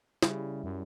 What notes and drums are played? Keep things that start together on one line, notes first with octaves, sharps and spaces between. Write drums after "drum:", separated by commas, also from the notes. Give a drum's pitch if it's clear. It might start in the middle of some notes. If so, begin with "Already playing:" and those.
C#3 G3 E4, drum: snare
F#2